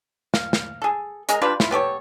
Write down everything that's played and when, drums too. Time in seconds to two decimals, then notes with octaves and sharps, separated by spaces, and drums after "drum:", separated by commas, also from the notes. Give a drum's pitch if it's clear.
0.34 F5, drum: snare
0.53 drum: snare
0.82 G#4 A4
1.29 G#3 G#4 A#4, drum: hi-hat
1.42 G3 D4 F4 B4
1.60 E4 F4, drum: snare
1.71 B3 G4 A4 C#5